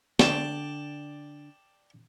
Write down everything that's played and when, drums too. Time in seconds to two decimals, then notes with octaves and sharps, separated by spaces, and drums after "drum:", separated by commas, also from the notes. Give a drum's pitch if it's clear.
0.19 D3 D5 G5 A5, drum: snare